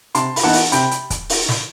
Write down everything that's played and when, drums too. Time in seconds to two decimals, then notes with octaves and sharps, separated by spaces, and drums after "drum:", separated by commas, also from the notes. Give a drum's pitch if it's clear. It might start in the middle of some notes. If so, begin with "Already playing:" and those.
0.15 C3 A5 C6, drum: hi-hat
0.36 B5, drum: open hi-hat
0.43 E3 B3 D#4 F#5 A5
0.53 drum: open hi-hat
0.72 C3 G5 B5, drum: hi-hat
0.91 drum: hi-hat
1.10 drum: kick, hi-hat
1.29 drum: open hi-hat
1.49 drum: snare